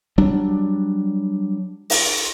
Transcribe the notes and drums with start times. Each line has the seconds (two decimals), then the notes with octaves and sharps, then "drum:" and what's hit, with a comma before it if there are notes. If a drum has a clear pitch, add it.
0.18 F#3 G3 D4
1.90 drum: open hi-hat